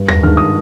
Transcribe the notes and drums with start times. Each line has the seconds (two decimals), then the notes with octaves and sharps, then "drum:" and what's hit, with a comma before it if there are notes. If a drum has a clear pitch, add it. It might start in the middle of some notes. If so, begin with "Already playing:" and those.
Already playing: G2
0.08 A#6, drum: tom D#2
0.22 D#3 G#3 D4 F6
0.37 D#6